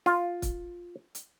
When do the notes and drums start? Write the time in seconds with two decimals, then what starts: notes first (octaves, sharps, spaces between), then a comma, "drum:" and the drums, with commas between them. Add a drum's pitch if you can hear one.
0.06 F4, drum: snare
0.42 drum: kick, hi-hat
1.15 drum: hi-hat